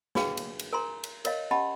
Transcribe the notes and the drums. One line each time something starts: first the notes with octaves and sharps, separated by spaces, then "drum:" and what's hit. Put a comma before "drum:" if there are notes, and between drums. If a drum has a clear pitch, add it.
D4 F#4 G#4 B4 F5 G5, drum: snare
drum: cymbal
drum: cymbal
A#4 G#5 A#5 C6
drum: cymbal
A#4 C#5 D#5 F5, drum: cymbal
C#4 G4 D#5 F#5 A5 B5